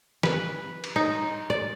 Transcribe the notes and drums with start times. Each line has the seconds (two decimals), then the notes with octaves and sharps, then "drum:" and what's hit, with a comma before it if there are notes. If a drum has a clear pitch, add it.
0.23 B4, drum: snare
0.84 drum: cymbal
0.96 D#4
1.50 D5